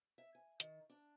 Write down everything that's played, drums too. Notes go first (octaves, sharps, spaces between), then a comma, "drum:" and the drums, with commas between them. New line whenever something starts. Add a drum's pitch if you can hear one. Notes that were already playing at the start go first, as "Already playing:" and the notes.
E5
G#5
D#3, drum: hi-hat
D4